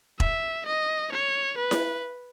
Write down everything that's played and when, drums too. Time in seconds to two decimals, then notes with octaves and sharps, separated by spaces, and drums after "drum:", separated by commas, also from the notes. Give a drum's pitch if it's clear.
0.20 E5, drum: kick E1
0.66 D#5
1.12 C#5
1.57 B4
1.71 drum: snare E4